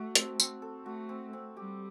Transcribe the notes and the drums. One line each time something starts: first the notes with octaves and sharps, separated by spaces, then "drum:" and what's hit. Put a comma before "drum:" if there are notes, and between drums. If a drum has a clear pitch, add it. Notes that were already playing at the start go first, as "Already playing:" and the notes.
Already playing: A3 F#4 A4
C4, drum: hi-hat
C4, drum: tambourine
A4
A3 F#4
C4
C4
G3 G4